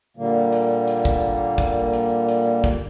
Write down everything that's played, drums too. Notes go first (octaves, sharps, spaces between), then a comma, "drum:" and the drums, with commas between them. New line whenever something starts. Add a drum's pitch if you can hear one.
A#2 D3 G3 A#3
drum: hi-hat
drum: hi-hat
drum: kick
drum: kick, hi-hat
drum: hi-hat
drum: hi-hat
drum: kick